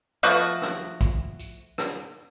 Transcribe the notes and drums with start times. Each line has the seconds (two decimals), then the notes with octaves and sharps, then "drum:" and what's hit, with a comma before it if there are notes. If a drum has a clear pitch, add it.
0.23 F3 A3 B3 F#4, drum: tambourine
0.62 drum: rim click
1.01 drum: kick, tambourine
1.39 drum: tambourine
1.78 drum: rim click